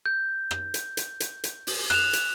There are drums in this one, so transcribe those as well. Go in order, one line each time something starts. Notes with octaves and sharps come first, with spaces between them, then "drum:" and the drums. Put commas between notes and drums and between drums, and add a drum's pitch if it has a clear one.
G6
drum: rim click
drum: hi-hat
drum: hi-hat
drum: hi-hat
drum: hi-hat
drum: open hi-hat
F#6 E7 F7, drum: rim click
drum: hi-hat